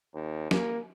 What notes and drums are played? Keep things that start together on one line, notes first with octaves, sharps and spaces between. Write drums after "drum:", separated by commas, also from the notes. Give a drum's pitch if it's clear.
D#2
A#3, drum: snare